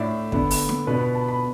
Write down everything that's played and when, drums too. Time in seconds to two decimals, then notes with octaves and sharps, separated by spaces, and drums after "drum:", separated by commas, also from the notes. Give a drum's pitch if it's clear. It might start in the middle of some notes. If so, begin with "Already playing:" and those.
Already playing: A2 A3 D4 D5 E5
0.32 D3 B3 D4, drum: kick
0.51 drum: open hi-hat
0.69 drum: snare
0.87 B2 B3 D4 B4
1.01 B5
1.15 A5
1.28 B5